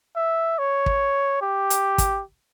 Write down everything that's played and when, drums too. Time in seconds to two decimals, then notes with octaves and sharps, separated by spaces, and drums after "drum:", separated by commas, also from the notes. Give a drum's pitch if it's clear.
0.16 E5
0.59 C#5
0.86 drum: kick
1.42 G4
1.70 drum: hi-hat
1.98 drum: kick, hi-hat